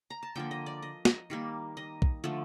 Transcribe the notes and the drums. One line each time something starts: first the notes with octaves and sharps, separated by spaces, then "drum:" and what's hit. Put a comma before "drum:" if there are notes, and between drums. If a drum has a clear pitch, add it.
A#5
A5
D3 F3 A#3 G5
D#5
D5
D#5
D#5, drum: snare
D#3 G3 A#3
D#5
drum: kick
D3 F3 A3